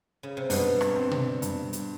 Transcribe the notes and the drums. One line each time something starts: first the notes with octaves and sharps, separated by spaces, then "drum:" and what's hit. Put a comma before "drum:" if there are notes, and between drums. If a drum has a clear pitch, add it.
C#3
C3
G2 B2, drum: open hi-hat
drum: rim click
C4
drum: tom B2
G2, drum: hi-hat
drum: hi-hat